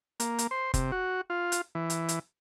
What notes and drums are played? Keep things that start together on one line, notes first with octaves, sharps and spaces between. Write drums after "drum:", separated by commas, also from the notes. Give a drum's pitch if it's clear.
A#3, drum: hi-hat
drum: hi-hat
C5
C3, drum: kick F1, hi-hat
F#4
F4
drum: hi-hat
E3
drum: hi-hat
drum: hi-hat